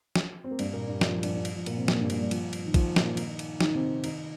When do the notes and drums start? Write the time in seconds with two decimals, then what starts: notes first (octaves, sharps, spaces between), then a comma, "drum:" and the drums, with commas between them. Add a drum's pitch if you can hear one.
0.15 drum: snare
0.44 C4
0.51 A#3
0.59 G2 G3, drum: cymbal
0.73 A#2 A#3
0.88 G2 G3
1.01 F3, drum: snare
1.12 F3
1.23 G2 G3, drum: cymbal
1.34 G2 G3
1.45 drum: cymbal
1.56 F3
1.66 A#2 A#3, drum: cymbal
1.77 C3 C4
1.88 A#2 A#3, drum: snare
1.99 G2 G3
2.10 A#2 A#3, drum: cymbal
2.20 G2 G3
2.31 F3, drum: cymbal
2.53 drum: cymbal
2.66 D#3
2.74 F3, drum: kick, cymbal
2.96 A#2 A#3, drum: snare
3.17 D#3 D#4, drum: cymbal
3.39 drum: cymbal
3.61 D#3 D#4, drum: snare
3.75 C3 C4
4.04 D#3 D#4, drum: cymbal